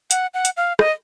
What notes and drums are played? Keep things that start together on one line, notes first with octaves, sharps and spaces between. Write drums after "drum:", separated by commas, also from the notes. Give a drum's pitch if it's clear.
F#5, drum: hi-hat
F#5
drum: hi-hat
F5
D#5, drum: rim click